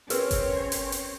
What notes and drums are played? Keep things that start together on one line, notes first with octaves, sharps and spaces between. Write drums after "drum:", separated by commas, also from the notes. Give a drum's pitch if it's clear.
C4 C#4 G#4 A#4 B4 C#5, drum: hi-hat
drum: kick G1, hi-hat
drum: hi-hat
drum: hi-hat